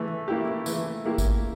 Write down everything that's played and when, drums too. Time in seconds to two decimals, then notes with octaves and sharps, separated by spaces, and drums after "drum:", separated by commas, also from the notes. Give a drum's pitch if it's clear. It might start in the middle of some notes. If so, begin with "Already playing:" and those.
Already playing: E3 A3
0.28 A#3 E4 G4
0.66 E3, drum: tambourine
1.05 A#3 E4 G4
1.18 drum: kick G#1, tambourine